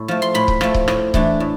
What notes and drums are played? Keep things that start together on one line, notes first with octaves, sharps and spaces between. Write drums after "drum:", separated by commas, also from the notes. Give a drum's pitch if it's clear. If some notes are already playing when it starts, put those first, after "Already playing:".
Already playing: A2
F3 A3
C6
A2 B5
drum: kick C#1
F3 A3, drum: rim click
drum: kick C#1
A2, drum: rim click
E3 A3 D4, drum: kick C#1
A2